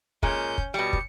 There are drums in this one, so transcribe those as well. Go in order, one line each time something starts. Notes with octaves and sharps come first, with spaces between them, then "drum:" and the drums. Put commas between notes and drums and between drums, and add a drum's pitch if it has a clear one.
A#2 G#3 C#4 G6, drum: kick
drum: kick
B2 G3 C#7
drum: kick